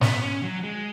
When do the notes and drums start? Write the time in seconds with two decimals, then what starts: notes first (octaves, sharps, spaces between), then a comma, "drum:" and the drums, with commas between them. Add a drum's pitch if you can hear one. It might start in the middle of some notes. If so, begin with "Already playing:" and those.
0.01 B3, drum: snare
0.22 C#4
0.43 F#3
0.64 G#3